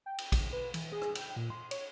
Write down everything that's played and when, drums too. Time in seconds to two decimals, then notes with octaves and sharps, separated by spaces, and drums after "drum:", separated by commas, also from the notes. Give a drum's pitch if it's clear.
0.06 G5
0.18 drum: cymbal
0.32 drum: kick, cymbal
0.52 B4
0.74 E3, drum: cymbal
0.92 G#4
1.02 drum: rim click
1.15 G5, drum: cymbal
1.36 A#2
1.50 C6
1.71 C#5, drum: cymbal